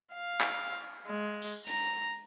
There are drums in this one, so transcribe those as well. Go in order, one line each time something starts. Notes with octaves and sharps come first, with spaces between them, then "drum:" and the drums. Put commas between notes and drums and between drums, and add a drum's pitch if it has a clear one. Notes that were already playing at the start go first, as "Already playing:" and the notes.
F5
drum: clap
G#3
drum: tambourine
A#5, drum: hi-hat